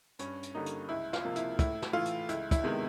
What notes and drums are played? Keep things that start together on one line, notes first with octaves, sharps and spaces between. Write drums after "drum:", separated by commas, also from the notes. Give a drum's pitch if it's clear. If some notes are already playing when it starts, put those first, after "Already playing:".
G2 C#4, drum: hi-hat
drum: hi-hat
D3 G3 A#3 D#4
drum: hi-hat
C#2 E4
F4, drum: snare
C3 F3 A#3
E4, drum: hi-hat
A2 E4, drum: kick, hi-hat
drum: snare
E3 A3 F4
drum: hi-hat
C#2 E4, drum: hi-hat
E4, drum: kick, hi-hat
C3 D#3 G#3 B3